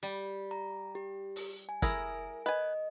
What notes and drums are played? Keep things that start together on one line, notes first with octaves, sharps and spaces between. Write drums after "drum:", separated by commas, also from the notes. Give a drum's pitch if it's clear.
G3
A#5
G4
drum: open hi-hat
G#5
E4 G#4 A#4, drum: kick, hi-hat
B4 D#5 G#5